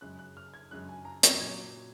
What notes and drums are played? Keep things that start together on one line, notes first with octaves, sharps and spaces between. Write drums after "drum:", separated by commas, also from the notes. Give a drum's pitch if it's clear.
F#2 C#3 G#3 C#4 F#6
F#6
F6
G#6
F#2 C#3 G#3 C#4 F#6
G#5
A#5
C#6, drum: hi-hat
A#2 F#3 C#4 G#6